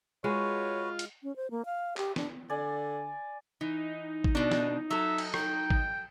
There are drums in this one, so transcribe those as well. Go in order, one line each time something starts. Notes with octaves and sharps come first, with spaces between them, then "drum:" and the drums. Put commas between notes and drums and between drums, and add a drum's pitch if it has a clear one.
G#3 F4 F#4 B4 C#5
drum: hi-hat
C#4
C5
A#3
F5
G4, drum: clap
D4, drum: snare
D3 D5 G#5
E3 D#4
drum: kick A1
B2 D4
drum: snare
F#3 A4 E5
drum: cymbal
G5, drum: rim click
drum: kick A1